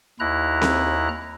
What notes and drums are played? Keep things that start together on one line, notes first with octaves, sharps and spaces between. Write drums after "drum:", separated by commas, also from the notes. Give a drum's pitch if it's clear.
D#2 E4 A#5 F#6
drum: snare C4